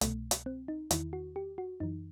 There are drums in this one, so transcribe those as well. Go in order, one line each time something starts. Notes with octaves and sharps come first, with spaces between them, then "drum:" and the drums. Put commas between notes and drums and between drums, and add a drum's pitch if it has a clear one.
C2 B2 A3, drum: hi-hat
drum: hi-hat
C4
D#4
E2 D#3 E4, drum: hi-hat
F#4
G4
F#4
F#2 E3 D#4